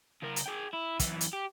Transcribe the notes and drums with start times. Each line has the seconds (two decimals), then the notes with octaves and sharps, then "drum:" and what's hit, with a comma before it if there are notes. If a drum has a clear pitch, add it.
0.22 C#3 A#4
0.36 drum: hi-hat
0.46 G#4 G5
0.73 E4
0.99 F#2 E3, drum: kick, hi-hat
1.21 drum: hi-hat
1.33 G4